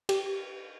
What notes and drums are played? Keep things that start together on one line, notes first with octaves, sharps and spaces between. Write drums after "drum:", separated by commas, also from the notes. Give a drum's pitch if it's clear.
G4, drum: cymbal